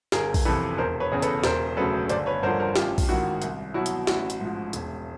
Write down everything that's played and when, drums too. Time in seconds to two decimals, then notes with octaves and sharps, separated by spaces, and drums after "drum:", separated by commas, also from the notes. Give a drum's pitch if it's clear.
0.12 G1 G#4 A#4, drum: snare
0.34 drum: kick, open hi-hat
0.45 F2 C3 E3 A4 B4
0.78 E1 A#4 C5
1.00 B4 C#5
1.12 E2 C#3
1.22 A4 B4, drum: hi-hat
1.44 E1 A#4 C5, drum: snare
1.77 D2 C#3 F#3 A4 B4
2.09 G1 C5 D5, drum: hi-hat
2.26 B4 C#5
2.42 G2 D3 F3 A#4 C5
2.60 A#4 C5
2.76 A1 F4 G4, drum: snare
2.98 drum: kick, open hi-hat
3.09 G#2 D#3 E4 F#4
3.42 C2, drum: hi-hat
3.74 B2 F#3 E4 F#4
3.86 drum: hi-hat
4.07 A1 E4 F#4, drum: snare
4.30 drum: hi-hat
4.41 G#2 F3
4.73 E1, drum: hi-hat